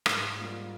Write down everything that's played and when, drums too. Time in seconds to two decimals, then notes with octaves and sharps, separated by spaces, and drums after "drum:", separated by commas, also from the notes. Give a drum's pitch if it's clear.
0.06 G#2, drum: rim click
0.39 G3 A#3 F4